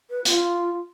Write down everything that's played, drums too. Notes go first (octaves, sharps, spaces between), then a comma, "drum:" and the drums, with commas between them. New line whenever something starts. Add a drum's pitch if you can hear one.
B4
F4, drum: hi-hat